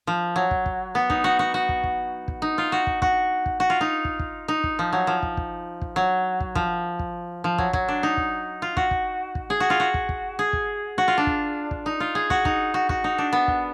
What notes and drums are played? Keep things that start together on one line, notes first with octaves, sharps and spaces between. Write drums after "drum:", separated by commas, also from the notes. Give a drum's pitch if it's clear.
F3
F#3
drum: kick
drum: kick
B3
D#4, drum: kick
F#4
F#4
F#4
drum: kick
drum: kick
drum: kick
D#4
F4
F#4
drum: kick
F#4, drum: kick
drum: kick
F#4
F4
D#4
drum: kick
drum: kick
D#4
drum: kick
F3
F#3
F3
drum: kick
drum: kick
drum: kick
F#3
drum: kick
F3, drum: kick
drum: kick
F3
F#3, drum: kick
F#3, drum: kick
D4
D#4
drum: kick
F4
F#4, drum: kick
drum: kick
drum: kick
G#4
F#4
F4
F#4
drum: kick
drum: kick
G#4
drum: kick
F#4
F4
D4
drum: kick
drum: kick
D#4
F4
G#4
F#4, drum: kick
D#4, drum: kick
F#4
F#4, drum: kick
D#4
D4
B3
drum: kick